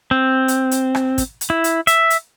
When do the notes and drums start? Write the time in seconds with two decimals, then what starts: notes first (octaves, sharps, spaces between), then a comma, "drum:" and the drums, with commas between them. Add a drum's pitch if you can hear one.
0.11 C4
0.48 drum: hi-hat
0.71 drum: hi-hat
0.95 drum: rim click
1.18 drum: kick, hi-hat
1.41 drum: hi-hat
1.50 E4
1.64 drum: hi-hat
1.87 E5, drum: hi-hat
2.10 drum: hi-hat